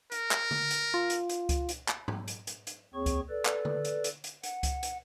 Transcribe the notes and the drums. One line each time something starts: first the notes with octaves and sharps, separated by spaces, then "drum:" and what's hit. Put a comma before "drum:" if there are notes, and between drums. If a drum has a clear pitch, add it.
A#4, drum: hi-hat
drum: clap
drum: tom D3
drum: hi-hat
F4
drum: hi-hat
drum: hi-hat
drum: kick C#2, hi-hat
drum: hi-hat
drum: clap
drum: tom G#2
drum: hi-hat
drum: hi-hat
drum: hi-hat
D#2 C4 G#4 C#5 C#6
drum: kick C#2, hi-hat
A4 B4 D5
drum: clap
drum: tom D3
drum: hi-hat
drum: hi-hat
drum: hi-hat
F#5, drum: hi-hat
drum: kick C#2, hi-hat
drum: hi-hat